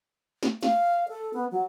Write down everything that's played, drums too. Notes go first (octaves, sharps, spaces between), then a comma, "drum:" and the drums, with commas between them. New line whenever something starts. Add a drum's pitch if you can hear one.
drum: snare
F5, drum: snare
A4
B3
F#3